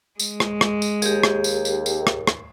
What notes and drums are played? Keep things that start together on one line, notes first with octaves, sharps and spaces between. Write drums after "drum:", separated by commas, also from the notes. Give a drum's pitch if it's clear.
G#3, drum: tambourine
drum: rim click
drum: rim click
drum: tambourine
D#2 G4 G#4, drum: tambourine
drum: rim click
drum: tambourine
drum: tambourine
drum: tambourine
drum: rim click
drum: rim click